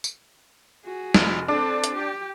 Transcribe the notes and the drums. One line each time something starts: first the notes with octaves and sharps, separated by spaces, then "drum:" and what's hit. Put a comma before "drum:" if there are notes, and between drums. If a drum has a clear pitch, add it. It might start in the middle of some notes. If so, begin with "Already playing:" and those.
drum: tambourine
F#4 G#4
F1, drum: snare
C4 D4 A4
drum: hi-hat
G4 G5